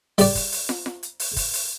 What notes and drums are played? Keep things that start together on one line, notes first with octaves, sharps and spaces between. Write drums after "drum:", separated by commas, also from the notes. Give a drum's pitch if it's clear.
G3 D5, drum: open hi-hat
drum: kick, open hi-hat
drum: open hi-hat
drum: snare
drum: snare
drum: hi-hat
drum: open hi-hat
drum: kick, open hi-hat
drum: open hi-hat